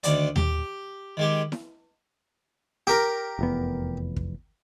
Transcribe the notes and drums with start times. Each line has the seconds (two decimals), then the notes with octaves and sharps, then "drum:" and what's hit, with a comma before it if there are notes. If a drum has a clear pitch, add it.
0.03 D2 D#3 D4 D5, drum: hi-hat
0.36 G4, drum: tom D#2
1.17 D#3 G#3 G4
1.52 drum: snare E4
2.87 G4 A#4
3.39 F1 E2 B3
4.16 drum: kick